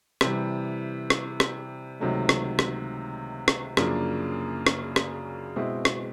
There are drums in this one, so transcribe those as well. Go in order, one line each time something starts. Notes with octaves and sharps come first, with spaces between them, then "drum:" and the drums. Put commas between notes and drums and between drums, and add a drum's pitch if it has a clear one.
C3 E3 G3, drum: rim click
drum: rim click
drum: rim click
C#2 C3 D#3 F#3 A3
drum: rim click
drum: rim click
drum: rim click
F#2 C#3 F3 A#3 D4, drum: rim click
drum: rim click
drum: rim click
B2 G#3 C4 E4
drum: rim click